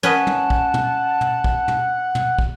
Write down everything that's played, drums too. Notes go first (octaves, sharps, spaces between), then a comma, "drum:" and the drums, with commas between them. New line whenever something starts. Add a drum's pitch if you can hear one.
C#4 B4 D#5 F#5 A5
drum: tom
drum: kick
drum: tom
drum: tom
drum: kick
drum: tom
drum: tom
drum: kick